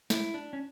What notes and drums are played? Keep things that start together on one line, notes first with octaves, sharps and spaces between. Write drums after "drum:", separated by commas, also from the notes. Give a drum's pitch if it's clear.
E4, drum: snare
D4
C#4